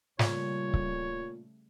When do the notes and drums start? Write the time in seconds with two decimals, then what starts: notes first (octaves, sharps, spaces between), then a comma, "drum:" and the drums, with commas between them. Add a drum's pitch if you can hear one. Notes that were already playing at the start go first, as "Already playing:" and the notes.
0.19 A#2 C#3 G3 A3 C#5, drum: snare
0.74 drum: kick C#1